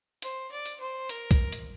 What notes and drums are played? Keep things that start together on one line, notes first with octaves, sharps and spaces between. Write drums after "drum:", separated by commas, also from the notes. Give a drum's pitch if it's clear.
C5, drum: hi-hat
D5
drum: hi-hat
C5
A#4, drum: hi-hat
drum: kick B1, hi-hat
drum: hi-hat